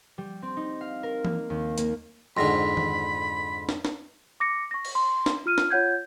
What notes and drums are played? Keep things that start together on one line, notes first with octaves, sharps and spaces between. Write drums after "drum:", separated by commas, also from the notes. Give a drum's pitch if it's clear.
G3
C4
D#4
F5
A#4
A#3, drum: tom E3
D#2
A#3, drum: hi-hat
F2 G#2 D3 B5 C6 A#6
drum: tom D#3
drum: snare
drum: snare
D6 A#6 C#7
C#6 A#6
drum: cymbal
C6
drum: snare
F4 F6 D#7
drum: snare
F4 C#5 F#5 G6 G#6